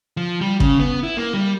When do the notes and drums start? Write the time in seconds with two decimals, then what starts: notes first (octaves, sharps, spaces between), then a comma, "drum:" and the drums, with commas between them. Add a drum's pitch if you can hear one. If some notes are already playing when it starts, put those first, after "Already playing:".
0.17 F3
0.41 G3
0.60 C#3, drum: kick
0.80 B3
1.03 E4
1.17 A#3
1.34 G3